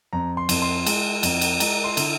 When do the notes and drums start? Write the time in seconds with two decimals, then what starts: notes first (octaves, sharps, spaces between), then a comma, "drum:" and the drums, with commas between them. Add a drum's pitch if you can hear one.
0.13 F2 A#5
0.37 C6
0.49 F2, drum: cymbal
0.62 C6
0.86 G#3, drum: cymbal
1.23 F2, drum: cymbal
1.41 drum: cymbal
1.60 G#3 A#5, drum: cymbal
1.84 C6
1.97 D3, drum: cymbal